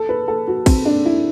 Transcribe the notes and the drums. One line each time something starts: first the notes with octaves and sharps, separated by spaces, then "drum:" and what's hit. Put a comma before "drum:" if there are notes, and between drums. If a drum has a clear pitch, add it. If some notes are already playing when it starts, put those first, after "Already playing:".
Already playing: A4
B4
A4
F#4
C4, drum: kick, cymbal
D4
E4